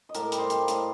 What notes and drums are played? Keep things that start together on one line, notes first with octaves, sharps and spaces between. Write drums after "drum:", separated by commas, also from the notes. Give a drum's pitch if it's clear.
D#5
A2 A#4 D5, drum: hi-hat
G3, drum: hi-hat
C5 D#5
G3, drum: hi-hat
D5 F5
A2, drum: hi-hat